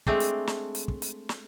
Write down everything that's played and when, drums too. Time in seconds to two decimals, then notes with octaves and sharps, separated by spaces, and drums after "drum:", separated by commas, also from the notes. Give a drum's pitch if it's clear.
0.07 G#3 A3 C4 D4, drum: kick
0.20 drum: hi-hat
0.47 drum: snare
0.75 drum: hi-hat
0.88 drum: kick
1.02 drum: hi-hat
1.29 drum: snare